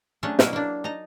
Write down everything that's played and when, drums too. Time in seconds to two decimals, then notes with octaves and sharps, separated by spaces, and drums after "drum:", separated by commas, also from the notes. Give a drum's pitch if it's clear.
0.23 F#3 A3 C#4 D4 G#4 A5
0.39 B2 F#3 A#3 E4 B4, drum: snare
0.53 A#3 D4
0.84 D#4 A5 A#5